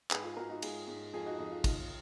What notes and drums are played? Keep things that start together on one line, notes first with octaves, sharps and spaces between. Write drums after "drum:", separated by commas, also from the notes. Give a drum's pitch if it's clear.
G#2 G#4 B4, drum: clap
F4 G#4
G#2 F#4 A#4
D#4 F#4
G#2 F4 G#4, drum: cymbal
G#2
F2 F4 G#4
D#4 F#4
F2 D#4
F4
D#2, drum: kick, cymbal